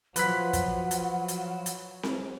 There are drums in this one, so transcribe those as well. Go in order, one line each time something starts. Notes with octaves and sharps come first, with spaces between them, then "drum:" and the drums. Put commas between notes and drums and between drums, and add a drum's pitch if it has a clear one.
F3 F#3 B4 F#5 F#6 B6, drum: hi-hat
drum: kick, hi-hat
drum: hi-hat
drum: hi-hat
drum: hi-hat
drum: snare C4